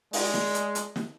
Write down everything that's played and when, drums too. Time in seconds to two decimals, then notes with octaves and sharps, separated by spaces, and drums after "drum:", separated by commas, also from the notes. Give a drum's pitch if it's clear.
0.13 G#3 D5, drum: open hi-hat
0.34 drum: snare
0.54 drum: hi-hat
0.75 drum: hi-hat
0.96 drum: snare